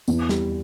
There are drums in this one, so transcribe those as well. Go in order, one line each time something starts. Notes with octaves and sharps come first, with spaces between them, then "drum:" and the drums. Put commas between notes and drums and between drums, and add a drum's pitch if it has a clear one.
E2, drum: tambourine
G3, drum: snare